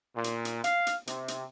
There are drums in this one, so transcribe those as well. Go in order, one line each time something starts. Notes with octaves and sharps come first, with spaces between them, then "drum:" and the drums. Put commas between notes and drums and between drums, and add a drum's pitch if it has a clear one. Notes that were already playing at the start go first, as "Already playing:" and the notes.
A#2
drum: hi-hat
drum: hi-hat
F5, drum: hi-hat
drum: hi-hat
C3, drum: hi-hat
drum: hi-hat